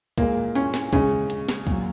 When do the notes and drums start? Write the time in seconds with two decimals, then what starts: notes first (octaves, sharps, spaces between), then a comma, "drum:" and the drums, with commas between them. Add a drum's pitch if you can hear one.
0.18 A#2 G#3 A#3, drum: kick C#2, hi-hat
0.55 C#4, drum: hi-hat
0.74 drum: snare
0.93 C#3 G#3 C#4, drum: kick C#2, hi-hat
1.30 drum: hi-hat
1.49 drum: snare
1.67 A#2 F#3, drum: kick C#2, hi-hat